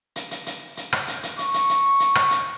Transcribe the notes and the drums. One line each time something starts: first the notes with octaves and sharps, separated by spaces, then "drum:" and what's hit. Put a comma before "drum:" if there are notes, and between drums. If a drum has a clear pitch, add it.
drum: hi-hat
drum: hi-hat
drum: hi-hat
drum: hi-hat
drum: rim click
drum: hi-hat
drum: hi-hat
C#6, drum: hi-hat
drum: hi-hat
drum: hi-hat
drum: hi-hat
drum: rim click
drum: hi-hat